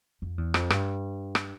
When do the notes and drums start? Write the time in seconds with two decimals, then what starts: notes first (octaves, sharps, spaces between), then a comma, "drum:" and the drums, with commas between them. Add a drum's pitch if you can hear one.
0.22 F2
0.38 E2
0.54 F2, drum: rim click
0.70 G2, drum: rim click
1.35 drum: rim click